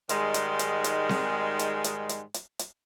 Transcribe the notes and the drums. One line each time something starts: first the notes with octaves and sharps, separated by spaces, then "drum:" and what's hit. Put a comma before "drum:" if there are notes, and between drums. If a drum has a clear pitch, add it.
G#2 D#3 G3 G#3, drum: hi-hat
drum: hi-hat
drum: hi-hat
drum: hi-hat
drum: snare C4
drum: hi-hat
drum: hi-hat
drum: hi-hat
drum: hi-hat
drum: hi-hat